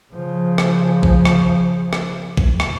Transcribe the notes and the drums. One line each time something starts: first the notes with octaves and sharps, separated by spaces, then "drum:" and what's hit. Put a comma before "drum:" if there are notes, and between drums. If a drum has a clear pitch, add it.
C#3 F3
drum: rim click
drum: kick A#1
drum: rim click
drum: rim click
drum: kick A#1
drum: rim click